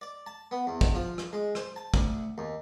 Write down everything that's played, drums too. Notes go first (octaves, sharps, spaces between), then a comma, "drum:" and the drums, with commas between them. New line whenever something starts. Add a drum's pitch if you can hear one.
D5
A5
B3
E2
drum: kick
F3
drum: rim click
G#3
C5, drum: rim click
A5
D2, drum: kick
D#2